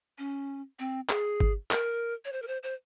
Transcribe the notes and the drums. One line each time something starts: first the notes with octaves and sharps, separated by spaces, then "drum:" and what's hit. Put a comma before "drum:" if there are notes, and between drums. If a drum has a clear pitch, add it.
C#4
C4
G#4, drum: clap
drum: kick G1
A#4, drum: clap
C#5
C5
A#4
C5
C5